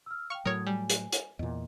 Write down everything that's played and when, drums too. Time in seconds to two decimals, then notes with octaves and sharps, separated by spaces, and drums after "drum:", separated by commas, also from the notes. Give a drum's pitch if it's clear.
0.06 E6 F6
0.30 F5 G5 C#6 F6
0.46 A2 F#3 A#4 C#5 D#6 G#6
0.67 G3 G#5
0.90 drum: hi-hat
1.12 drum: hi-hat
1.39 E2 A#2 D#5